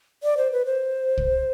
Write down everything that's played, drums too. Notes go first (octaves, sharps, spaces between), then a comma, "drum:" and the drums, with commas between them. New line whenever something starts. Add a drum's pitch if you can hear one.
D5
C5
B4
C5
drum: kick